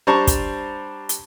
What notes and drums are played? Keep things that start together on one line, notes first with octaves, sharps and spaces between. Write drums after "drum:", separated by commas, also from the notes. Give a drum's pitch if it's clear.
G3 D4 C5 A5 A#5 C#6
drum: kick, hi-hat
drum: hi-hat